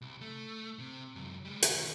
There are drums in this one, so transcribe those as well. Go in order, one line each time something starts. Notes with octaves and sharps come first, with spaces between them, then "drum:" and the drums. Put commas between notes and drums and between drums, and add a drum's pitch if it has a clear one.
C2
A3
C3
C#2 F#2
G3 G#3
D#2 C#4, drum: hi-hat